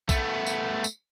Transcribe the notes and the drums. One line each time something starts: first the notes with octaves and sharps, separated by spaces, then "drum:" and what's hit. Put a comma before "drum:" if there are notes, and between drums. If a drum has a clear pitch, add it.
A3 B3, drum: kick A#1, tambourine
drum: tambourine
drum: tambourine